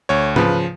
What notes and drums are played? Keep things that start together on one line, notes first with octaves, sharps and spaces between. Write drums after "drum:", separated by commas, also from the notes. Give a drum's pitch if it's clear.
D2 C#5
C#3 F3 B4, drum: tom G#2